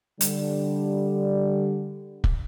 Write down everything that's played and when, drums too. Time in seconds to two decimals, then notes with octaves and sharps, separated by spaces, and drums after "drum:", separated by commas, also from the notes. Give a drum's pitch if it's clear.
0.21 D3 G3, drum: hi-hat
2.24 drum: kick